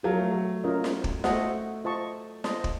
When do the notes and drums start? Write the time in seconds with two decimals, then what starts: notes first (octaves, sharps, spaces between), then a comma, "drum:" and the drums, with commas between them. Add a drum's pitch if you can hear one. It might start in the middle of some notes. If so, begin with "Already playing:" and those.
0.03 F#3 F4 A#4 F5 A5
0.18 A3
0.31 F#3
0.64 C#4 F4 A#4 D#5
0.84 drum: snare
1.04 drum: kick
1.24 A3 F#4 A4 C5 D#5 F#5, drum: snare
1.84 F4 C5 D#5 A5 C#6
2.44 C5 D#5 A5 C6, drum: snare
2.64 drum: kick